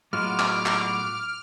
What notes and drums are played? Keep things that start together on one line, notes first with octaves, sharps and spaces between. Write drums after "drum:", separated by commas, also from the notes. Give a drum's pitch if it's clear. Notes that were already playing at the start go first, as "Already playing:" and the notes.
A2 F#3 G#3 B3 F4 F#4 D6 F6
drum: clap
drum: clap